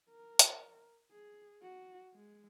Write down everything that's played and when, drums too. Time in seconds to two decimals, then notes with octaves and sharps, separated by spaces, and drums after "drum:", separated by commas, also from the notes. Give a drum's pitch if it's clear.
0.10 A#4
0.39 drum: hi-hat
1.11 G#4
1.63 F#4
2.14 G#3